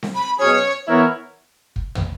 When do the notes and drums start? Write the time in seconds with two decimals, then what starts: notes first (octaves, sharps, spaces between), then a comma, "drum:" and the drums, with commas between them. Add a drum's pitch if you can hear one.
0.03 drum: snare C4
0.15 B5
0.39 B2 F#3 C#4 G#4 C#5
0.86 E3 B3 E4 A#4 C#5
1.76 drum: kick
1.95 drum: tom